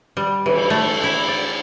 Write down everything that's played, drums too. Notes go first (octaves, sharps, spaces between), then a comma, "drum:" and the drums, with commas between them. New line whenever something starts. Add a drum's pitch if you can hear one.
G3
E3, drum: cymbal
A3
E4
D5